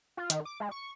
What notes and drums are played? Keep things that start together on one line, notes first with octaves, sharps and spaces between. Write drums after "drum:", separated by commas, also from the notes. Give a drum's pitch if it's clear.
F4
D#3, drum: hi-hat
D6
G#3
C#6